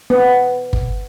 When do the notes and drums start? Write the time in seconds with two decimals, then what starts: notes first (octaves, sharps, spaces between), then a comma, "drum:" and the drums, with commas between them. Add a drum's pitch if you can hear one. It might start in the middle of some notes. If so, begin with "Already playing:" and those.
0.10 B3
0.73 drum: kick G1